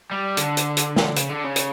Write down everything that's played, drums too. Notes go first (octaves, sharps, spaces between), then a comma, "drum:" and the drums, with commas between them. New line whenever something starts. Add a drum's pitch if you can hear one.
G3
D3, drum: hi-hat
drum: hi-hat
drum: hi-hat
drum: snare
C#3, drum: hi-hat
D3
C#3
drum: hi-hat